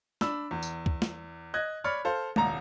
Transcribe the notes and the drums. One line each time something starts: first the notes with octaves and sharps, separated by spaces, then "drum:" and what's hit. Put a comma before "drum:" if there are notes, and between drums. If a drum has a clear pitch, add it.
D4 B5 E6, drum: snare
E2
drum: tambourine
drum: kick
drum: snare
D#5 F#6 G#6
C#5 D5 B5 F6 C#7
A4 C5 F5
D#1 C2 A#5, drum: tom G#3